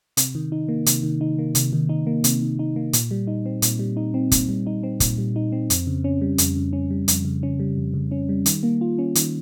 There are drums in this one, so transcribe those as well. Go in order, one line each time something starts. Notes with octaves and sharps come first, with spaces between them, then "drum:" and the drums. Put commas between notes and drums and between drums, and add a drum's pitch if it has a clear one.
C3, drum: hi-hat
D#3
D#4
A#3
C3, drum: hi-hat
D#3
D#4
A#3
C3, drum: hi-hat
D#3
D#4
A#3
C3, drum: hi-hat
D#3
D#4
A#3
A#2, drum: hi-hat
G3
D#4
C4
A#2, drum: hi-hat
G3
D#4
C4
A#2, drum: kick, hi-hat
G3
D#4
C4
A#2, drum: kick, hi-hat
G3
D#4
C4
F2, drum: hi-hat
C#3
C#4
G3
F2, drum: hi-hat
C#3
C#4
G3
F2, drum: hi-hat
C#3
C#4
G3
F2
C#3
C#4
G3
D#3, drum: hi-hat
A#3
F4
C#4
D#3, drum: hi-hat